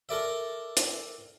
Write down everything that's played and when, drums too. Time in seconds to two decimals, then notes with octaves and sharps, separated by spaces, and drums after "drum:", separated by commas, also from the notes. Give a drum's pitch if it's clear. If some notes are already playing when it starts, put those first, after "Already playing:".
0.09 A4 A#4 D5 E5
0.77 drum: hi-hat